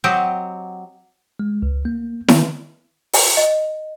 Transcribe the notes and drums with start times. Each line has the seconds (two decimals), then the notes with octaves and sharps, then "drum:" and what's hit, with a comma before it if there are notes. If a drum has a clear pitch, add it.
0.04 F#3 C4 G4 D#5 G5
1.39 G#3
1.62 C#2
1.85 A#3
2.28 D#3, drum: snare E4
3.13 drum: open hi-hat
3.37 D#5